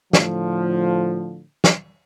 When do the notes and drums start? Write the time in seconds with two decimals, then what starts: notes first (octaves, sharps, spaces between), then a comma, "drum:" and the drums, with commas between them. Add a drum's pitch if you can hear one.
0.13 A2 D3 F3, drum: snare
1.64 drum: snare